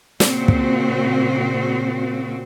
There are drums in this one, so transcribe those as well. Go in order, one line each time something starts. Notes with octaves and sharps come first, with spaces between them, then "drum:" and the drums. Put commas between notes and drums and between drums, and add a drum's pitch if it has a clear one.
A#2 C#3 C4 F#4, drum: snare
drum: kick